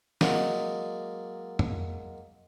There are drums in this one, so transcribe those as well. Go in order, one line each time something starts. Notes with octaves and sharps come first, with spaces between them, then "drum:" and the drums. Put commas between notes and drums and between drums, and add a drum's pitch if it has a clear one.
F#3 G#3 A#3 D4 D#5, drum: snare
drum: tom F2